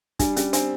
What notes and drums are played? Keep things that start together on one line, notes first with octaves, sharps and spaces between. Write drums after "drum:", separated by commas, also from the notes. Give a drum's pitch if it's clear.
G3 D4, drum: kick, hi-hat
G3 C#4, drum: hi-hat
C4 D4, drum: hi-hat